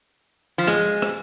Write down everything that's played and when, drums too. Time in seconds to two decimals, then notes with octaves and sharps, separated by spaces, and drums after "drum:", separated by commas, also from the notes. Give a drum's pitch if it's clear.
0.58 F3
0.68 G#3, drum: rim click
1.02 drum: rim click